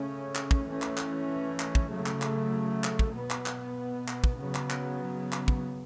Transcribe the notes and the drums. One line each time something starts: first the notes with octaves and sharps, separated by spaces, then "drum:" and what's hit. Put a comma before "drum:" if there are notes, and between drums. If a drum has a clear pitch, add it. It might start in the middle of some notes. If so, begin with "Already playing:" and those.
Already playing: C#3 A3 C#4
drum: clap
drum: kick
E3 A3 C#4
drum: clap
drum: clap
drum: clap
drum: kick
C#3 F#3 A3
drum: clap
drum: clap
drum: clap
drum: kick
B2 B3
drum: clap
drum: clap
drum: clap
drum: kick
C#3 F#3 B3
drum: clap
drum: clap
drum: clap
drum: kick